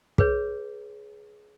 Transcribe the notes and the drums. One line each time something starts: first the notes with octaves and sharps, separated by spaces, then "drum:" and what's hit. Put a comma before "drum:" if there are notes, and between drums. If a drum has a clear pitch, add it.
G#4 B4 C#5, drum: kick